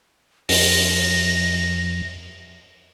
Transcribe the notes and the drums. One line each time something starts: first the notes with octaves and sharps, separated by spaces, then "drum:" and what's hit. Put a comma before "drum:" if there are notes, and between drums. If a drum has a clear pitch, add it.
F2 A#6, drum: open hi-hat